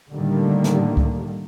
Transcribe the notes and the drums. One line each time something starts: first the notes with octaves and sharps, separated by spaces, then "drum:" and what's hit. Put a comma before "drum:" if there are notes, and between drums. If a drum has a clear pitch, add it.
A2 D3 D#3 G3 A#3
drum: snare
drum: kick C#2